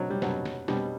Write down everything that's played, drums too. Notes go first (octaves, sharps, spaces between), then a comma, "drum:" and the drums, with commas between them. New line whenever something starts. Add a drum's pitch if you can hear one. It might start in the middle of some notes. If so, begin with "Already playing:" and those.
Already playing: B2 F#3
G3
B2 F#3, drum: snare
drum: snare
B2 G3, drum: snare